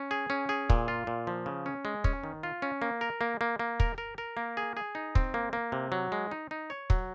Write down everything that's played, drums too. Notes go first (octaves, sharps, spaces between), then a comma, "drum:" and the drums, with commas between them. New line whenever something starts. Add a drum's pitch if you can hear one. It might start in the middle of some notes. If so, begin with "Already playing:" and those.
Already playing: C#4
G#4
C#4
G#4
A#2, drum: kick
F4
A#2
F3
C#3
C#4
G#3
C#4, drum: kick
D#3
F4
C#4
A#3
A#4
A#3
A#3
A#3
A#4, drum: kick
A#4
A#4
A#3
G#4
G#4
D#4
C4, drum: kick
A#3
A#3
C3
F#3
G#3
D#4
D#4
C#5
F#3, drum: kick